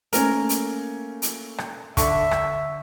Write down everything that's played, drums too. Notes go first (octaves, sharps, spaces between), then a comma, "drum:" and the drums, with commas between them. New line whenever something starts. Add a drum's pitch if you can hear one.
A3 A#3 C#4 A#4, drum: hi-hat
drum: hi-hat
drum: hi-hat
drum: rim click
D3 E5 C#6, drum: kick, hi-hat
drum: rim click